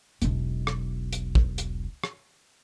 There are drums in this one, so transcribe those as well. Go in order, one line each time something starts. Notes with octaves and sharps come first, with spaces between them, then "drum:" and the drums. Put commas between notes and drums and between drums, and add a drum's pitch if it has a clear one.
E1 B1, drum: hi-hat
drum: rim click
drum: hi-hat
drum: kick
drum: hi-hat
drum: rim click